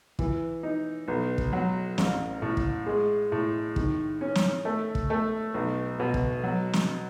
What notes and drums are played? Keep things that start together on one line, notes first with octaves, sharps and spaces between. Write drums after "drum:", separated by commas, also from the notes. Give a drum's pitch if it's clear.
E3, drum: kick
D#4
B1
drum: kick
F#3
A1, drum: snare
A2
drum: kick
G#3
A2
D#3, drum: kick
C#4
drum: snare
A3
drum: kick
A3
B1
B2
drum: kick
F#3
drum: snare